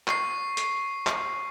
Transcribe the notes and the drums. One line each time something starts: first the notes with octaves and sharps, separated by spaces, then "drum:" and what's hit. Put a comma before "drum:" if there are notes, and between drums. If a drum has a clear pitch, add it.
C#6 C7, drum: clap
drum: hi-hat
drum: clap